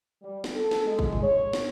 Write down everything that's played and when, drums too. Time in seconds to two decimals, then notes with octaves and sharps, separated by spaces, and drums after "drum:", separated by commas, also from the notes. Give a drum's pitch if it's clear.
0.23 G3
0.44 drum: snare
0.55 A4
0.71 drum: snare
0.85 G#3
0.99 drum: kick
1.12 drum: tom
1.22 C#5
1.53 drum: snare